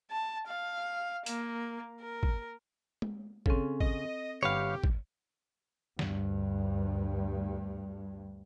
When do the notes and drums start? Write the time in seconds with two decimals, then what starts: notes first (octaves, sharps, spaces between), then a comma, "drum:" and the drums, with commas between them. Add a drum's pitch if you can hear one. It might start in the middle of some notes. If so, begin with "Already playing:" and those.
0.11 A5
0.47 F5
1.26 A#3, drum: hi-hat
2.01 A#4
2.23 drum: kick
3.02 drum: tom G#3
3.46 C#3 C4 C#4 A4, drum: kick
3.80 D#5, drum: kick
4.43 G1 G4 B4 C#5 F5 F#5
4.84 drum: kick
5.99 D2 G2, drum: snare